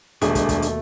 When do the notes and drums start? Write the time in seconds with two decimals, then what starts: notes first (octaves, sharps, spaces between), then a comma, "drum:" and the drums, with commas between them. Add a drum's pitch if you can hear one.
0.22 E1 D#2 B2 G#3 A3 D4 G#4, drum: hi-hat
0.35 drum: kick, hi-hat
0.49 drum: kick, hi-hat
0.62 drum: hi-hat